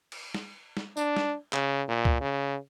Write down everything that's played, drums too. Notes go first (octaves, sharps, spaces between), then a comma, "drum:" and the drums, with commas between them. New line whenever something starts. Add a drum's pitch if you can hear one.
drum: cymbal
drum: snare
drum: snare
D4, drum: tambourine
drum: snare
C#3, drum: clap
A#2
drum: kick C#2
C#3